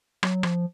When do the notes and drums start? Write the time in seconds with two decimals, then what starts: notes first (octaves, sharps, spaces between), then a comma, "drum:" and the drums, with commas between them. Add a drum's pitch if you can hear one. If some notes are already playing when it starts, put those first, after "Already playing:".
0.23 F#3, drum: rim click
0.43 F3, drum: rim click